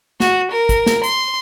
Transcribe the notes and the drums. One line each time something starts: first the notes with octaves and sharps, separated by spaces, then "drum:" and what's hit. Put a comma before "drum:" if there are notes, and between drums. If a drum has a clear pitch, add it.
F#4, drum: snare
A#4
drum: kick G#1, hi-hat
drum: snare
C6, drum: hi-hat